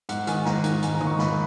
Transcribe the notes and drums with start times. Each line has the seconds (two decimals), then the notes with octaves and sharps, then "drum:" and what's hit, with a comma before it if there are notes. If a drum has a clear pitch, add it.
0.09 G#2 F#5, drum: hi-hat
0.27 D#3 G#5, drum: hi-hat
0.45 G#2 A#5, drum: snare
0.64 D#3, drum: hi-hat
0.82 G#2 G#5, drum: hi-hat
0.94 A#5
1.01 D#3, drum: tom D3
1.07 C#6
1.18 G#2 B5, drum: snare